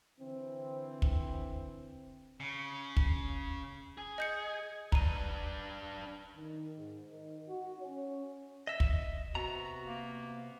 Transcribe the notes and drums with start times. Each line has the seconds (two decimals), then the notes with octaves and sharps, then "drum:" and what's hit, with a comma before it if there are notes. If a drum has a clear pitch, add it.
0.20 D3 E3 C4
1.02 drum: kick
2.40 C#3
2.97 drum: kick
3.98 G#4
4.18 D#5 G6 C#7
4.92 D4 B4 A#5 D#7, drum: kick
6.36 D#3
6.77 G#2
7.10 D#3
7.49 F#4
7.80 C#4
8.67 D#5 E5
8.80 drum: kick
9.35 C3 B3 F#4 A#5
9.86 A#3